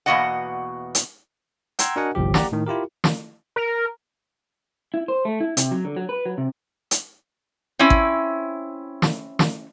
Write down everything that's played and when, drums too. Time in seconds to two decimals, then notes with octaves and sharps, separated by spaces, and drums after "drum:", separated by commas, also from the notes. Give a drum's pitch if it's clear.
0.06 E2 B2 A#3 F#4 D#5 F#5
0.95 drum: hi-hat
1.79 F#5 G5 A#5 C6 E6 G#6, drum: hi-hat
1.96 D4 F#4 A#4 D#5 F#5 G#5
2.15 G1 C2 F3 G4
2.34 G4 D5 F#5 A#5, drum: snare
2.52 A2 D#3
2.67 E4 F4 G4 A#4
3.04 drum: snare
3.56 A#4
4.94 E4
5.08 C5
5.25 A3
5.41 E4
5.57 C3, drum: hi-hat
5.71 F#3
5.84 D3
5.97 F#3
6.09 B4
6.26 F#3
6.38 C3
6.91 drum: hi-hat
7.79 C4 C#4 E4
7.90 drum: kick G#1
9.02 drum: snare
9.39 drum: snare